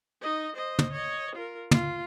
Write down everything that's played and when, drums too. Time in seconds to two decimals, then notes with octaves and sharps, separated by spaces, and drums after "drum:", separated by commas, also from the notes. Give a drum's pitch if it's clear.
0.22 D#4 D#5
0.55 C5 D#5
0.79 drum: tom
0.92 C#5 D#5
1.35 F4 A#4
1.71 F4, drum: tom